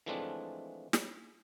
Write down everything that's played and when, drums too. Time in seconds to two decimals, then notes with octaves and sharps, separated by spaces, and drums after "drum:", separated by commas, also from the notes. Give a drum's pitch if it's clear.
0.06 E3 F3 G#3 A3 C4 D4
0.93 drum: snare